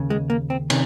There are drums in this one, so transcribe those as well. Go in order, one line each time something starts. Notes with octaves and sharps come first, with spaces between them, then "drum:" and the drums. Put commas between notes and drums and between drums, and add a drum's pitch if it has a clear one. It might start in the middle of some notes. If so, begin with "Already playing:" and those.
Already playing: D#2 C#3
G#3
A#3
C4
C3 D#3 C#4, drum: cymbal